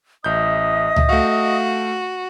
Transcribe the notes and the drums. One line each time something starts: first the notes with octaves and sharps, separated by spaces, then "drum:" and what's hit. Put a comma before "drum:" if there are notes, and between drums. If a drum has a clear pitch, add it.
A1 D#5 E5 D#6 G6
drum: tom C#2
A3 F#4 F5